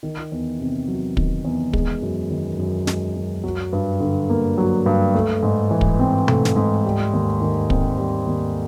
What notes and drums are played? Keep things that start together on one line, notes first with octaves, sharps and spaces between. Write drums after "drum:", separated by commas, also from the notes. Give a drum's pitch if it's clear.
D#3
E2
C3
F#3
D#3, drum: kick
E2
G#3, drum: kick
F#2
D#3
F#2
G#3, drum: snare
F#2
F#3
G2
D3
A#3
F#3
G2
A3
G#2
E3
drum: kick
C4
A3, drum: tom B2
drum: snare
G#2
G3
D#2
D#3
C4, drum: kick
G3
D#2